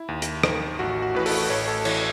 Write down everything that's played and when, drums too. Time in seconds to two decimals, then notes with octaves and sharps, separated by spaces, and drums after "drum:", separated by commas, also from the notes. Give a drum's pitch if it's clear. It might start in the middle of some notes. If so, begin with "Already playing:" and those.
Already playing: E4
0.08 D#2
0.22 drum: hi-hat
0.43 D#3, drum: rim click
0.79 A1 F#4
1.02 F#4
1.15 A2 E3 B4
1.26 A4, drum: open hi-hat
1.50 A1 C#5
1.68 A4
1.85 E3 C#5, drum: cymbal